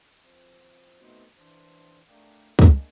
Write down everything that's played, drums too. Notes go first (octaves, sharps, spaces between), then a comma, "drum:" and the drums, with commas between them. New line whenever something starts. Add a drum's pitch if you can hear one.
F3 C4
A3 B3 C4 D#4 F#4 C5
E3 D4 C5
A3 D4 A#4 D5 F5 G5
G#3 A#3 D4, drum: kick